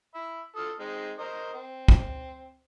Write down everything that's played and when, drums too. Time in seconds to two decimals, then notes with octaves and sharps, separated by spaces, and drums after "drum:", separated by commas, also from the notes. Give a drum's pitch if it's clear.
0.15 E5 B5
0.56 F4 A4 D#6
0.80 G#3 C4 D#4
1.19 A#4 C5 D#5
1.53 C4
1.88 drum: kick